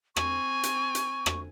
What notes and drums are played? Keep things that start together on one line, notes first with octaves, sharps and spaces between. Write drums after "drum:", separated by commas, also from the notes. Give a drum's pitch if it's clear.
C4 G#5 C#6, drum: rim click
drum: hi-hat
drum: hi-hat
drum: rim click